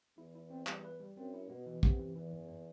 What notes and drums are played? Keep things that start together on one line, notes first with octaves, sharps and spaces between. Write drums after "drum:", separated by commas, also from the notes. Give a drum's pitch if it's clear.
E2 E4
E4
C4
G3, drum: clap
B4
G3
F#2 C4
E4
B2 B3
E3
C3 B3, drum: kick
E3
E2 E3
F#2
B3